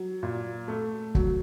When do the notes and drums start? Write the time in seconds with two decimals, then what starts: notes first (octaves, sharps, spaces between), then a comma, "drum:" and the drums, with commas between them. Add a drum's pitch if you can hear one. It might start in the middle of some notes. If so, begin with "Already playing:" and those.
Already playing: F#3
0.23 A#2
0.68 A3
1.15 F#3, drum: kick